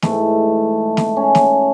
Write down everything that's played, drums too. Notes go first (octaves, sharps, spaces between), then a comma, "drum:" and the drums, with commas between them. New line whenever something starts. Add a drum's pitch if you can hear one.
G#2 E3 A3, drum: snare
drum: snare
C#4
drum: snare